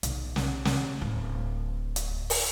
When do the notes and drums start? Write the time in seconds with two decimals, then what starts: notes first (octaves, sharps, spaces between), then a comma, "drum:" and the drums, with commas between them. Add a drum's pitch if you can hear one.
0.03 B1, drum: hi-hat
0.36 drum: snare
0.65 drum: snare
1.01 D1
1.96 drum: hi-hat
2.30 drum: open hi-hat